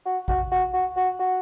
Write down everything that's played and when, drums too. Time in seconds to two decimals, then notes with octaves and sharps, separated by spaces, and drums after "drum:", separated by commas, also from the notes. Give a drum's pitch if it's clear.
0.06 F#4
0.28 F#4, drum: kick A1
0.52 F#4
0.73 F#4
0.97 F#4
1.19 F#4